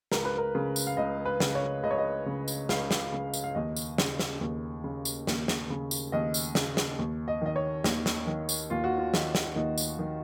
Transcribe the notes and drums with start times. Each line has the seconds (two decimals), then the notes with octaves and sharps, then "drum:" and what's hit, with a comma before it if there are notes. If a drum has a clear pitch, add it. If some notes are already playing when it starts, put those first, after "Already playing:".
0.12 C#2 A#4, drum: snare
0.25 B4
0.38 A#4
0.55 C#3
0.76 drum: tambourine
0.87 F5
0.97 C#2 D#5
1.25 B4
1.40 C#3, drum: snare
1.55 C#5
1.83 C#2 D#5
1.91 C#5
1.98 D#5
2.26 C#3
2.48 drum: tambourine
2.69 C#2 F5, drum: snare
2.91 drum: snare
3.12 C#3
3.34 drum: tambourine
3.44 F5
3.55 D#2 D#5
3.77 drum: tambourine
3.98 C#3, drum: snare
4.19 drum: snare
4.41 D#2
4.84 C#3
5.05 drum: tambourine
5.27 D#2, drum: snare
5.48 drum: snare
5.70 C#3
5.91 drum: tambourine
6.12 D#2 D#5
6.34 drum: tambourine
6.55 C#3, drum: snare
6.77 drum: snare
6.98 D#2
7.28 D#5
7.41 D#3 D#5
7.56 C#5
7.84 D#2, drum: snare
8.06 drum: snare
8.27 D#3
8.49 drum: tambourine
8.70 D#2 F4
8.84 F#4
8.98 F4
9.14 D#3, drum: snare
9.35 drum: snare
9.56 D#2 D#4
9.78 drum: tambourine
9.99 D#3